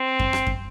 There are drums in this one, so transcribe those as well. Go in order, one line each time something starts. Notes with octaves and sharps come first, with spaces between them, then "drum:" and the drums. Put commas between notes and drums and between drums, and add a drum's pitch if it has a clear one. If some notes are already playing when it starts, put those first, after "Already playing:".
Already playing: C4
drum: kick F#2
drum: rim click
drum: kick F#2